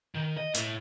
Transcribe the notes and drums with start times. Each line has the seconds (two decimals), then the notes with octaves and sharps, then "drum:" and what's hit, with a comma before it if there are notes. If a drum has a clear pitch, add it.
0.15 D#3
0.37 D#5
0.54 A2, drum: hi-hat